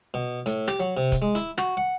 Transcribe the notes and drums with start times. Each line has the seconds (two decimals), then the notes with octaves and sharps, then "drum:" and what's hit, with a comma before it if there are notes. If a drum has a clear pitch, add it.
0.14 B2
0.46 A2, drum: hi-hat
0.68 G4, drum: rim click
0.80 F#3
0.97 C3
1.12 drum: kick, hi-hat
1.22 G#3
1.35 E4, drum: hi-hat
1.58 F#4, drum: rim click
1.77 F#5